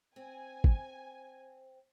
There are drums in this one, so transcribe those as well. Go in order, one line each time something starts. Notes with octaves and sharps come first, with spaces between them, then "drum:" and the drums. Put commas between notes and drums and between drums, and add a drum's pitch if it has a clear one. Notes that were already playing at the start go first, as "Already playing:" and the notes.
C4 G#5
drum: kick